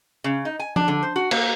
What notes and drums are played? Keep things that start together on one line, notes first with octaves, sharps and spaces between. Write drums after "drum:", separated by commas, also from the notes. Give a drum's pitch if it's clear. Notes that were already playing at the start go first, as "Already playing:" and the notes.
C#3
D#4
G#5
D4, drum: tom F3
D3
C5
F#4
A#3, drum: cymbal